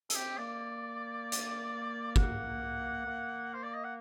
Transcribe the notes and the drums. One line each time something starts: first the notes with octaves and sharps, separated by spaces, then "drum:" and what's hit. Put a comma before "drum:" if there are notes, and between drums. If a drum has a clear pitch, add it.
A4, drum: hi-hat
C4 G4
A#3 D5
drum: hi-hat
F#5, drum: kick
A#3
C5
D5
D#5
F#5